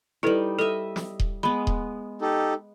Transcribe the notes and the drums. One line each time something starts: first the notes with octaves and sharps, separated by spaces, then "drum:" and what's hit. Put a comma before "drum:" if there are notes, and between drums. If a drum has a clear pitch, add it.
G3 D#4 E4 A4 B4
A4 D#5 E5
drum: snare
drum: kick D#1
G#3 B3 B5
drum: kick D#1
D#4 G4 A4